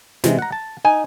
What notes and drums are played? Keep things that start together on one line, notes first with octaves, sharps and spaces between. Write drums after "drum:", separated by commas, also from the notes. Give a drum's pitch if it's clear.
C3 E3 G#3, drum: snare
F#5 A#5
A5
D#4 G#5